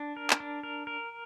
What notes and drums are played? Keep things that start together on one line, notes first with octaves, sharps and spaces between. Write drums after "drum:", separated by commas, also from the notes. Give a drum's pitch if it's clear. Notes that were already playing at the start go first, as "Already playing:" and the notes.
Already playing: D4
A#4
drum: clap
D4
A#4
A#4